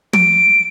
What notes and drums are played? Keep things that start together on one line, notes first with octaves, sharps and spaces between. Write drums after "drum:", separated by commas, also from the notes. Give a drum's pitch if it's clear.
D7, drum: tom